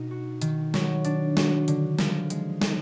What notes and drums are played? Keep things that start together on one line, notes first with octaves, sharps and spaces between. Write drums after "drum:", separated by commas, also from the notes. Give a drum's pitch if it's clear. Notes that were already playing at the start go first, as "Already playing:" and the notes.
Already playing: B2 D#4
F#4
D#3, drum: hi-hat
F#3, drum: snare
D4, drum: hi-hat
F#4, drum: snare
D3, drum: hi-hat
F3, drum: snare
G#3, drum: hi-hat
D#4, drum: snare